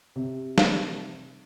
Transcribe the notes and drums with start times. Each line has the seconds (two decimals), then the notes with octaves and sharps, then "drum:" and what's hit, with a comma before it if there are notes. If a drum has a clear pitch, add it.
0.16 C3
0.58 drum: snare